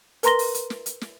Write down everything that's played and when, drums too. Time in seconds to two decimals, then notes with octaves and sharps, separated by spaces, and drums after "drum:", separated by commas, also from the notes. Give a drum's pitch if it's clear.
0.23 A#4 B4 A#5 C6 A#6 G7, drum: hi-hat
0.39 drum: open hi-hat
0.54 drum: hi-hat
0.70 drum: snare
0.86 drum: hi-hat
1.01 drum: snare